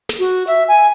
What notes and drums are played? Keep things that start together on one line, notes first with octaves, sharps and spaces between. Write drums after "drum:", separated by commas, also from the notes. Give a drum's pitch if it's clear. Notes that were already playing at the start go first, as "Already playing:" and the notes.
drum: snare
F#4
E5, drum: hi-hat
G#5